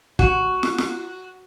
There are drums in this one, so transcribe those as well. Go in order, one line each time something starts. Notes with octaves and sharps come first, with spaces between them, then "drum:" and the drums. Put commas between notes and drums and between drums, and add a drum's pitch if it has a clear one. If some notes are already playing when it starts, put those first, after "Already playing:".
F#4, drum: kick
drum: snare
drum: snare